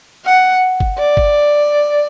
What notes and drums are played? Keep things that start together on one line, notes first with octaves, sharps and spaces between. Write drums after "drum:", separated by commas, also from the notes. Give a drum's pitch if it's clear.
F#5
drum: kick G1
D5
drum: kick G1